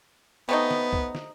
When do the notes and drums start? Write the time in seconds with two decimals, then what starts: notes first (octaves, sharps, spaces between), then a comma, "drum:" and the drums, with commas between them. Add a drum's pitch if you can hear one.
0.49 C3 A3 B3 D#4
0.71 drum: snare
0.93 drum: kick
1.15 drum: snare